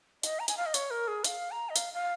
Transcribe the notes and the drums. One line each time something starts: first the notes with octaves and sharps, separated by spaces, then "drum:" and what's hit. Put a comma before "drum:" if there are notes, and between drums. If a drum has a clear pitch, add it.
D#5, drum: hi-hat
A#5
G#5, drum: hi-hat
F5
D#5
C#5, drum: hi-hat
A#4
G#4
F5, drum: hi-hat
A#5
D#5
F5, drum: hi-hat
F5